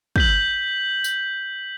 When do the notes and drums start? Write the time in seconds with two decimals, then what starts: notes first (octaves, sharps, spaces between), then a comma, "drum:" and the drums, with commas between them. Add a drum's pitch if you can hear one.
0.16 G6 B6 F#7, drum: kick
1.04 drum: tambourine